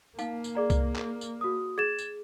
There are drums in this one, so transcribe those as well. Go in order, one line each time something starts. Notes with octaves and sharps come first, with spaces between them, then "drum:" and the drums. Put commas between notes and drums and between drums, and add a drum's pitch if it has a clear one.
A#3 D#4 F5 A5, drum: tambourine
drum: tambourine
G#4 D5 A#5
drum: kick C2, tambourine
drum: clap
drum: tambourine
F#4 D#6
G#4 G#6 A6 E7
drum: tambourine